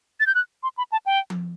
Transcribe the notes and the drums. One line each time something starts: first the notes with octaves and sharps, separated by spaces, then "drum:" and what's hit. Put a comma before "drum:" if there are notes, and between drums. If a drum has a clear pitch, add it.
A6
G6
F#6
C6
B5
A5
G5
drum: tom F3